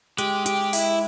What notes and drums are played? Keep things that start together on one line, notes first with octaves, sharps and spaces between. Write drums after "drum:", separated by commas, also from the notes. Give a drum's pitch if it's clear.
G#3 G4, drum: hi-hat
G4, drum: hi-hat
E4, drum: open hi-hat